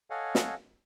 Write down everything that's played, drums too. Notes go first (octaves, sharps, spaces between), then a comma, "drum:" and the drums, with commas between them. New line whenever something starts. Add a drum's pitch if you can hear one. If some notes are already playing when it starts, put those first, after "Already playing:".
A4 C#5 D#5 F5 F#5 G#5
drum: snare